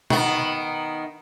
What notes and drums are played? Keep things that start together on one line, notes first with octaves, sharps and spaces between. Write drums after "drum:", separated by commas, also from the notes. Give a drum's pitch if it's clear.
D#3 B3, drum: tom B2